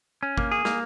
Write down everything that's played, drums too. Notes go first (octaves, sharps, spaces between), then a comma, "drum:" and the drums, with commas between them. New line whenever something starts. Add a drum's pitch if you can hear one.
C#4
A#3, drum: kick
G#4
A#3, drum: snare